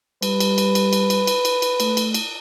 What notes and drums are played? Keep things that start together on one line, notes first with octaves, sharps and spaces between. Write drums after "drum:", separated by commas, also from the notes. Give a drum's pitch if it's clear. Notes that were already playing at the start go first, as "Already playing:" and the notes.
G3 B4, drum: cymbal
drum: cymbal
drum: cymbal
drum: cymbal
drum: cymbal
drum: cymbal
drum: cymbal
drum: cymbal
drum: cymbal
A3, drum: cymbal
drum: cymbal
drum: cymbal